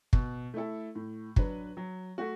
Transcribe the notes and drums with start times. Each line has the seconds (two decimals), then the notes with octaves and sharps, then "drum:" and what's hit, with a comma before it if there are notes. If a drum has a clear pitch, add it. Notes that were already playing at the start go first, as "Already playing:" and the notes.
0.13 B2, drum: kick
0.54 A3 E4 A4
0.95 A2
1.36 F#3 D4 B4, drum: kick
1.77 F#3
2.18 A3 F#4